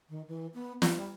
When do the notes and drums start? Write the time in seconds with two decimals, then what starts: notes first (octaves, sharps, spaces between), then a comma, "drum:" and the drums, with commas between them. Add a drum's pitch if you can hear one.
0.09 D#3
0.28 E3
0.54 B3
0.82 G3, drum: snare
0.95 G3